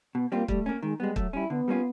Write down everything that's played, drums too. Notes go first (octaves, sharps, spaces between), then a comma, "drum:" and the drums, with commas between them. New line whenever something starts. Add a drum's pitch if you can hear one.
B2 B3
G3 A#3 C4 F4
G3 A3, drum: kick
A#3 C#4
D#3 G#3
G3 G#3 B3
F#3 A3, drum: kick
G3 C#4 E4
D3 B3
G3 A#3 C#4 F4